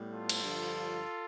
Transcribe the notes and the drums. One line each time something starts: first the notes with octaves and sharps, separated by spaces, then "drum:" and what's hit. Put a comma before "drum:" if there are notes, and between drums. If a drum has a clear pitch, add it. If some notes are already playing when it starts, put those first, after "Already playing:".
Already playing: A2 G3 B3
F4 A4
drum: cymbal
G2 D3 F3